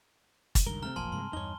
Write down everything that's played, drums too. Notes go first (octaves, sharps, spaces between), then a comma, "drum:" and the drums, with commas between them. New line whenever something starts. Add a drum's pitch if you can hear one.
drum: kick, hi-hat
C#2 G2 D#3 A#4 G7
C3 A3 C4 A#5 F6
F1 B1 F3 A#3 G#5 A5 C6
G2 C3 G#3 C6
E2 G2 D#4 C#5 G7